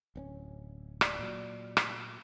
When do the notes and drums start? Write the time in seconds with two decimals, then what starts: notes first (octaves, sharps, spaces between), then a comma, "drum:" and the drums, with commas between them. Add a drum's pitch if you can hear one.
0.16 D1 C4 C#4
1.01 D5, drum: rim click
1.19 A#2 F#3
1.77 drum: rim click